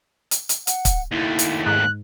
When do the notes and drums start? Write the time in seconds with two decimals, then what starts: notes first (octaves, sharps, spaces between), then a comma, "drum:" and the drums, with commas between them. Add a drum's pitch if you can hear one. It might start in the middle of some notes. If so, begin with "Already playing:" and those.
0.31 drum: hi-hat
0.49 drum: hi-hat
0.67 F#5, drum: hi-hat
0.85 drum: kick, hi-hat
1.12 D#2 A3 E4
1.39 drum: hi-hat
1.66 G#2 F#6